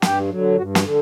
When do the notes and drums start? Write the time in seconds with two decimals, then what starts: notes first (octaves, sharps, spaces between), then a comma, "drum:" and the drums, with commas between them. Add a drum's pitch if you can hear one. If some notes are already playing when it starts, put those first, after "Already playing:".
0.02 G2 G4, drum: snare
0.29 D3 F#3
0.57 G2 F#4
0.75 F#4, drum: snare
0.84 D3